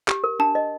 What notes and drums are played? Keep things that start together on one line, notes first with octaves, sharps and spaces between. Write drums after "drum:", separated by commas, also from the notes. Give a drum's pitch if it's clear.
G4, drum: clap
A#4
D4 A5
D#5